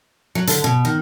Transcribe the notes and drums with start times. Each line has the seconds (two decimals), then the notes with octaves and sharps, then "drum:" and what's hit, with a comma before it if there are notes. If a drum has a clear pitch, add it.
0.35 F#3
0.47 D3, drum: hi-hat
0.64 B2
0.85 D#3